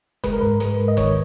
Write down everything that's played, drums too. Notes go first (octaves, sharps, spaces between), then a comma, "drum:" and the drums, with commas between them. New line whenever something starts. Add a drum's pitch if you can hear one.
G#3 B4, drum: kick F#1, hi-hat
A#4
G#2 B4
G#3, drum: hi-hat
G#2
D#5
D#3 C#5, drum: kick F#1, hi-hat